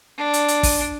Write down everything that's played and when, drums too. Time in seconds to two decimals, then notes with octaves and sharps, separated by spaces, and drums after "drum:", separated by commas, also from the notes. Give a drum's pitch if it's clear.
0.19 D4
0.34 drum: hi-hat
0.48 drum: hi-hat
0.63 drum: kick, open hi-hat